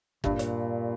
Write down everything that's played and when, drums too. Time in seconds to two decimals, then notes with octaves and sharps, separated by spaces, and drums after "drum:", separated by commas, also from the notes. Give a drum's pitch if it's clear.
0.24 G2 A#2, drum: kick
0.39 drum: hi-hat